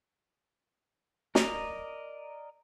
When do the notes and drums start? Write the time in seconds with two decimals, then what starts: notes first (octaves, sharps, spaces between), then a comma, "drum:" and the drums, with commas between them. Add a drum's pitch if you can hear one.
1.35 A#4 D5 D#5 A#5, drum: snare